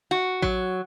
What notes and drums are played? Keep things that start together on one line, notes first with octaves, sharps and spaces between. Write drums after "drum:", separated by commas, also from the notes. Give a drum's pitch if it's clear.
F#4
F#3, drum: kick A1